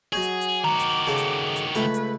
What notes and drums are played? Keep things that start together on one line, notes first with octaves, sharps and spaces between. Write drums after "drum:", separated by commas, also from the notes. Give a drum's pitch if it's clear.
F#3 D#4 G#4 C#5
drum: hi-hat
drum: hi-hat
D#3 F#4 A#5 D6
drum: hi-hat
C#3 D#4 A4
drum: hi-hat
drum: hi-hat
C#2 A3 B4 C#6, drum: hi-hat
drum: hi-hat